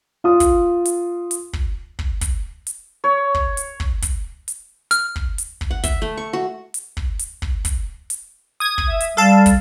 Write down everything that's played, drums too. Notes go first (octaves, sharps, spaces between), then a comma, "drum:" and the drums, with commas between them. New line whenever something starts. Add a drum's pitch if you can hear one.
F4 D#6
drum: kick, hi-hat
drum: hi-hat
drum: hi-hat
drum: kick
drum: kick
drum: kick, hi-hat
drum: hi-hat
C#5
drum: kick
drum: hi-hat
drum: kick
drum: kick, hi-hat
drum: hi-hat
F6, drum: hi-hat
drum: kick
drum: hi-hat
drum: kick
F#5
E5, drum: kick, hi-hat
A3
C#6
F#4
drum: hi-hat
drum: kick
drum: hi-hat
drum: kick
drum: kick, hi-hat
drum: hi-hat
D#6 G#6
drum: kick
E5
drum: hi-hat
G3 A4 F5 A5
drum: kick, hi-hat